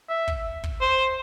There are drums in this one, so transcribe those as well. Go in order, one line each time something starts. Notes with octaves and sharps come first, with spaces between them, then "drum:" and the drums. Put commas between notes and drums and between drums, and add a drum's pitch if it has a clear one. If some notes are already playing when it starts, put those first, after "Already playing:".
E5
drum: kick
drum: kick
C5